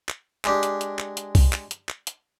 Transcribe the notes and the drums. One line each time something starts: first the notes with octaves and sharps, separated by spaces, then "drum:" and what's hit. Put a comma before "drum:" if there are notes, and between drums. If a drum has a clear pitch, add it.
drum: clap
G#3 D4 G4, drum: clap
drum: hi-hat
drum: hi-hat
drum: clap
drum: hi-hat
drum: kick, open hi-hat
drum: clap
drum: hi-hat
drum: clap
drum: hi-hat